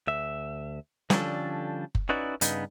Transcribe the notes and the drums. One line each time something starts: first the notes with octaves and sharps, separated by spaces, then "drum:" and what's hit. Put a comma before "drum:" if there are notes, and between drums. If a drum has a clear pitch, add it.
D2 E5
D3 F3 G3 C#4 D4 A4, drum: snare
drum: kick F#1
C#4 D#4 E4 F#4 B4 D5
G2 C#3 B3 D#4, drum: hi-hat